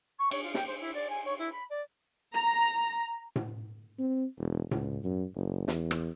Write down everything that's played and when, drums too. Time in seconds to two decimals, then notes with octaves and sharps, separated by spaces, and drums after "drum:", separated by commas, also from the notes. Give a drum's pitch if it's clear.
0.19 C#6
0.31 C#5, drum: cymbal
0.43 F4
0.54 G5, drum: snare
0.67 C5
0.80 E4
0.94 D5
1.10 G#5
1.25 C#5
1.38 E4
1.52 B5
1.70 D5
2.34 A#5
3.36 drum: tom A2
3.99 C4
4.38 E1
4.71 C#2, drum: tom A2
5.04 F#2
5.35 F#1
5.68 E2, drum: snare
5.91 drum: rim click